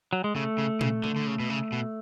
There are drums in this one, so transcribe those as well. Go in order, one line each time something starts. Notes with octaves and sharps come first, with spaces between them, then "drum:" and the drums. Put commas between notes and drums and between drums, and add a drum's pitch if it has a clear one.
F#3
G#3
C#3 A3
C#3
C#3, drum: tom
D3, drum: tom D3
D3
C#3
B2
C#3
B2